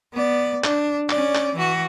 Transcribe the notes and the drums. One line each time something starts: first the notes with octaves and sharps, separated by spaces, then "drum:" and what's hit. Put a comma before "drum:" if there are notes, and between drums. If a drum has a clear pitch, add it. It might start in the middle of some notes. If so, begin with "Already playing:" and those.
B3 D5
D4, drum: clap
C#4 D5, drum: clap
drum: clap
E3 F#4